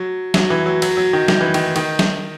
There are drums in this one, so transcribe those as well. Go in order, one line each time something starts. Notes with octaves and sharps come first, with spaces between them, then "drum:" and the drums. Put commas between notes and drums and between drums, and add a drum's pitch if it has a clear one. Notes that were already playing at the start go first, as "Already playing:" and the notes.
Already playing: F#3
F#3, drum: snare
E3
F#3
F#3, drum: cymbal
F#3
D#3
D#3, drum: snare
E3
D#3, drum: cymbal
D#3, drum: cymbal
drum: snare